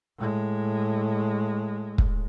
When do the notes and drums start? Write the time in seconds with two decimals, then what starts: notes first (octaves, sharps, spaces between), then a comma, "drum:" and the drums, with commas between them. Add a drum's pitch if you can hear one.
0.18 A2 G#3
1.98 drum: kick